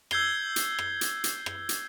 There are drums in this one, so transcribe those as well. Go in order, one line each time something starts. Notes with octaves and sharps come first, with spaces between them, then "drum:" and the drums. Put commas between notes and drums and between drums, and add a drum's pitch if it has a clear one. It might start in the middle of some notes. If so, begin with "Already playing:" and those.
E6 G6 G#6 C7 G7, drum: rim click
drum: hi-hat
drum: rim click
drum: hi-hat
drum: hi-hat
drum: rim click
drum: hi-hat